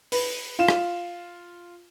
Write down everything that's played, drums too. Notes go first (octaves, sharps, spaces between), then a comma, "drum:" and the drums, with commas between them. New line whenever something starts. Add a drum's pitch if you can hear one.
B4, drum: open hi-hat
F4 E7
drum: rim click